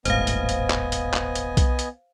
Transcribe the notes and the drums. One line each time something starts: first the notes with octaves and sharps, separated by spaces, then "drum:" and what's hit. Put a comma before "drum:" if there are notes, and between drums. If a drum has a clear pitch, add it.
D#1 G#1 A2 B3 C5 D#5 F5 G#5, drum: hi-hat
drum: hi-hat
drum: hi-hat
drum: clap
drum: hi-hat
drum: clap
drum: hi-hat
drum: kick B1, hi-hat
drum: hi-hat